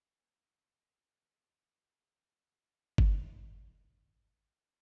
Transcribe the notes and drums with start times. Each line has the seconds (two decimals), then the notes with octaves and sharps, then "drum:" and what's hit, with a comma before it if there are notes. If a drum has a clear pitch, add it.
0.16 C#3 F#4 B4 G5
0.38 C#4 G#5 F6
0.59 C3 E3 A#3 F#4
0.79 E5
0.98 F3 G#3 G4 A4 C5 A5 E6
1.40 D#4
1.97 G4
2.62 C3
2.98 drum: kick G1
3.45 G2 A#3
4.01 G#3 G4
4.37 F#3 E4